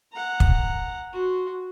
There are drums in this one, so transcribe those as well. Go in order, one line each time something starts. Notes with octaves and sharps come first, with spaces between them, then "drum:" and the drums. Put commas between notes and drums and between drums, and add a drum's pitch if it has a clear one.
F#5 A#5
drum: kick
F#4 C6